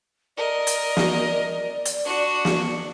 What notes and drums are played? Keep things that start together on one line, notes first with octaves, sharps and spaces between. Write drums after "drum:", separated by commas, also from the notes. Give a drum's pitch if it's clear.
A#4 D5 D#5
drum: hi-hat
drum: snare
drum: hi-hat
D4 F#4
drum: snare